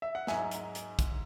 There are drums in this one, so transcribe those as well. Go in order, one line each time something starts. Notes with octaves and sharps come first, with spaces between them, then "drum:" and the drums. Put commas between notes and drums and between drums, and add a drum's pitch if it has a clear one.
E5
F#5
G#2 F#3 E5 G#5, drum: snare
drum: hi-hat
drum: hi-hat
drum: kick, hi-hat